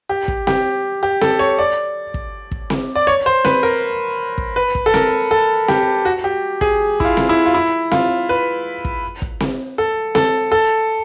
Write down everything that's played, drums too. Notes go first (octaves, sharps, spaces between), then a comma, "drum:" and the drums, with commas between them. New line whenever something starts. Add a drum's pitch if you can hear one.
G4
drum: kick
G4, drum: snare C4
G4
A4, drum: snare C4
C#5
D5
drum: kick
drum: kick
drum: snare C4
D5
C#5
C5
B4, drum: snare C4
A#4
drum: kick
B4
drum: kick
A4
A#4, drum: snare C4
A4
G4, drum: snare C4
F#4
G4
G#4, drum: kick
E4, drum: kick
F4
drum: snare C4
E4
F4
E4
F4, drum: snare C4
B4
drum: kick
drum: kick
drum: snare C4
A4
A4, drum: snare C4
A4